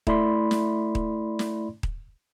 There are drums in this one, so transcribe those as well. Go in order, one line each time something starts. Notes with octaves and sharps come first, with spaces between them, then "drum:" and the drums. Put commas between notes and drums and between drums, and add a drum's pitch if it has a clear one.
A3 E4 D5 B5 C6, drum: kick D#1
drum: snare
drum: kick D#1
drum: snare
drum: kick D#1